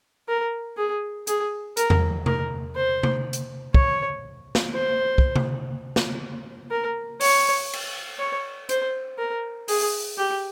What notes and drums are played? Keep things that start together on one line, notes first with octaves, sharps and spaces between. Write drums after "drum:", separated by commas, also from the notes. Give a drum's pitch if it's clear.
A#4
G#4
G#4, drum: hi-hat
A#4, drum: hi-hat
drum: tom E2
A#4, drum: tom C3
C5
drum: tom C3
drum: hi-hat
C#5, drum: kick
drum: snare
C5
drum: kick
drum: tom C3
drum: snare
A#4
C#5, drum: open hi-hat
drum: cymbal
C#5
C5, drum: hi-hat
A#4
G#4, drum: open hi-hat
G4